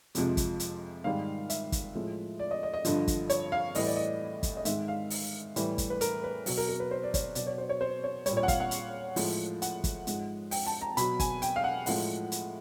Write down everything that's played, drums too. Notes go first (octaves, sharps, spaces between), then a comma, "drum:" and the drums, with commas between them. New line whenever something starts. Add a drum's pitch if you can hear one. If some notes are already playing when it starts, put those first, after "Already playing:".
F2 C3 F3 G#3, drum: hi-hat
drum: kick, hi-hat
drum: hi-hat
G#2 D#3 G3 F5
E5, drum: hi-hat
drum: kick, hi-hat
A2 F3 G#3
D5
D#5
D#5
D#5
G2 D3 F3, drum: hi-hat
drum: kick, hi-hat
C#5, drum: hi-hat
F5
A2 E3 G3 D#5, drum: open hi-hat
D5
D#5
drum: kick, hi-hat
D#5
G#2 D#3 G#3 E5, drum: hi-hat
F5
drum: open hi-hat
A2 E3 G3, drum: hi-hat
drum: kick, hi-hat
B4
A#4, drum: hi-hat
B4
B2 F#3, drum: open hi-hat
A#4
A#4
B4
C5
D5
C#5, drum: kick, hi-hat
B2 F#3 D5, drum: hi-hat
C#5
C5
C#5
C5
C#5
G3 C#5, drum: hi-hat
A#2
C#5
F#5
F5, drum: kick, hi-hat
F#5
drum: hi-hat
A2 F3 G#3, drum: open hi-hat
F#5, drum: hi-hat
drum: kick, hi-hat
G#2 F3 G#3, drum: hi-hat
G5, drum: open hi-hat
A5
A#5
B2 F#3 B5, drum: hi-hat
G#5, drum: kick, hi-hat
G5, drum: hi-hat
F5
F#5
A2 F3 G#3 F#5, drum: open hi-hat
drum: hi-hat